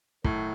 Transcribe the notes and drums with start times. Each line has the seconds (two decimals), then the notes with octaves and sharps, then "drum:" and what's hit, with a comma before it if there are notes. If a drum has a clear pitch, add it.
0.24 A2 D#3 F#3, drum: kick